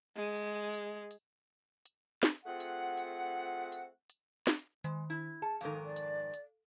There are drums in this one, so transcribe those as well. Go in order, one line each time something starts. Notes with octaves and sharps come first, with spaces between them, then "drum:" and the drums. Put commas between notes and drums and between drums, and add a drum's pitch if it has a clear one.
G#3
drum: hi-hat
drum: hi-hat
drum: hi-hat
drum: hi-hat
drum: snare
A3 C4 F4 G#4 F#5
drum: hi-hat
drum: hi-hat
drum: hi-hat
drum: hi-hat
drum: snare
D#3 G#3, drum: hi-hat
E4
G#4 A5
F2 G#2 D#3 A4 F5, drum: hi-hat
D5
drum: hi-hat
drum: hi-hat